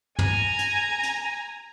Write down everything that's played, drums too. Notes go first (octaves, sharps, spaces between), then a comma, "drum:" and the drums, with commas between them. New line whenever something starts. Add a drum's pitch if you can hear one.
G#5 A#5, drum: tom
drum: hi-hat
drum: hi-hat